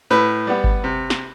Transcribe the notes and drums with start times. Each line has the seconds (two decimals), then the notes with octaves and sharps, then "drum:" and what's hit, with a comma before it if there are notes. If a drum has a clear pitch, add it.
0.10 A2 B4
0.47 G3 B3
0.64 drum: kick G1
0.84 C3
1.10 drum: snare